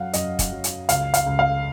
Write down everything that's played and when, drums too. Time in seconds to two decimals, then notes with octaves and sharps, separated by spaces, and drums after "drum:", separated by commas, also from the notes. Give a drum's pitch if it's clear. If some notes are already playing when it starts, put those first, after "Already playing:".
Already playing: F#2 F#3 F5 F#5
0.13 F#2 D#5, drum: hi-hat
0.39 drum: kick, hi-hat
0.51 F#3
0.64 drum: hi-hat
0.89 C#2 F5, drum: hi-hat
1.14 F5, drum: hi-hat
1.26 C#2
1.39 F5